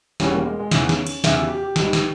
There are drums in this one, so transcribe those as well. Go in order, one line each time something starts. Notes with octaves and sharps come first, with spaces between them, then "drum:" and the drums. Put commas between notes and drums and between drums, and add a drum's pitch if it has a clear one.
E1 E2 E3 G3 C#4, drum: snare
A#3
G#3
G#3
E2 C#3 E3 C#4, drum: snare
drum: snare
drum: cymbal
E2 C#3 E3 E4, drum: snare
G4
G4
G4
G#1 G#2 G3 G4, drum: snare
drum: snare